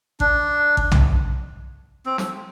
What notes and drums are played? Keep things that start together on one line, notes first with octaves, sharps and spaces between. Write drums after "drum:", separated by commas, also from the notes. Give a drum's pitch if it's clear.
D4, drum: kick G#1
drum: kick G#1
drum: tom B1
C4
drum: snare